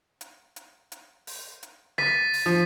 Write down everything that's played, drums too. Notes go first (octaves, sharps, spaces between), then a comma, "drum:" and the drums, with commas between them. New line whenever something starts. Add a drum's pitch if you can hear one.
drum: hi-hat
drum: hi-hat
drum: hi-hat
drum: open hi-hat
drum: hi-hat
A6 B6 D#7, drum: snare
drum: open hi-hat
F3